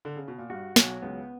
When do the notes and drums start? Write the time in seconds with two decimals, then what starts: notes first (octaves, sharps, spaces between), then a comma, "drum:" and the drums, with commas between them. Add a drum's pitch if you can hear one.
0.05 D3
0.16 C#3
0.28 B2
0.38 A#2
0.50 G2 F#4
0.76 B1 B2 F#3, drum: snare
1.02 C#2 C#3 B3